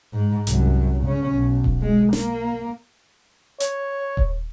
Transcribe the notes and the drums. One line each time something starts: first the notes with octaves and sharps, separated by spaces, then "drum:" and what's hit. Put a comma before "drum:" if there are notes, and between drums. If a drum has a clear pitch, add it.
G#2
C2 F#2, drum: hi-hat
C#3 C#4
B1
drum: kick D#1
G#3
A#3, drum: snare
C#5, drum: hi-hat
drum: kick D#1